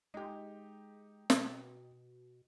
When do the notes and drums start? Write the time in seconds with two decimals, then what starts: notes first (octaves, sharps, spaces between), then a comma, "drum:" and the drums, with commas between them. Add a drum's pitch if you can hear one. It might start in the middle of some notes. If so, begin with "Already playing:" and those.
0.14 G#3 D#4 G4
1.30 B2, drum: snare